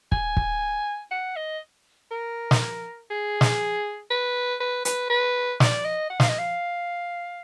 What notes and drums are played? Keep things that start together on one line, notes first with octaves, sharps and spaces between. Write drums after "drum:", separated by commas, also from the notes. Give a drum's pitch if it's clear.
G#5, drum: kick
drum: kick
F#5
D#5
A#4
drum: snare
G#4
drum: snare
B4
B4
B4, drum: hi-hat
B4
D5, drum: snare
D#5
F#5
F5, drum: snare
D#5
F5